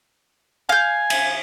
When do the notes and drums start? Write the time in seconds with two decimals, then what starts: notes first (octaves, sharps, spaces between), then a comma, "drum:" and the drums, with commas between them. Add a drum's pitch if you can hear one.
0.69 F5 G#5 G6
1.10 drum: cymbal